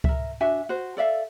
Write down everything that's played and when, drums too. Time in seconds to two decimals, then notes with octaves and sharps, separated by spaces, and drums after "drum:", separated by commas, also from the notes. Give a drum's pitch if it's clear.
0.04 A#4 E5, drum: kick C#2
0.40 D4 F#4 E5 G#5
0.69 F#4 C5
0.97 A4 D5 E5 F5